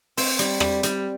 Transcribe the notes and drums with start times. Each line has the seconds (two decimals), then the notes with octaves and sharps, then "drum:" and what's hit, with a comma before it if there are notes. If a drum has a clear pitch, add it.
0.17 C4, drum: open hi-hat
0.39 G3, drum: hi-hat
0.60 G3, drum: rim click
0.83 G3, drum: hi-hat